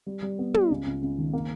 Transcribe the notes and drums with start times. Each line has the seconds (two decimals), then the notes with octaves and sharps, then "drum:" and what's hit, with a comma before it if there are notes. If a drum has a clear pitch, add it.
0.07 G3
0.22 G3
0.39 B3
0.54 G3, drum: tom
0.70 C#2
0.86 C#2
1.02 C#2
1.18 D#3
1.33 A#3